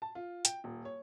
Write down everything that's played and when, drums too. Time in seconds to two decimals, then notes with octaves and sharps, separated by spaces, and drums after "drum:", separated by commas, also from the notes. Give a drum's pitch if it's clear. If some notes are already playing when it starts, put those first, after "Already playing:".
0.02 A5
0.15 F4
0.45 G5, drum: hi-hat
0.64 D#1
0.85 C#5